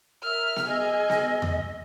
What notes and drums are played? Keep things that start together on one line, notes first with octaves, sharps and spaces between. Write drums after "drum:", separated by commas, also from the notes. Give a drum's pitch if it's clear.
A#4 E5 E6 F6
drum: snare B3
G#4 D#5 G#5 E6 F6
drum: snare B3
drum: tom E2